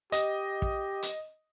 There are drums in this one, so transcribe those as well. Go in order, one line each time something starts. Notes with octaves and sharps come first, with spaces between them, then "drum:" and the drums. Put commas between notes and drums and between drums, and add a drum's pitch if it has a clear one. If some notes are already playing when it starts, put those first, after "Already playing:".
G4 D#5, drum: hi-hat
drum: kick
drum: hi-hat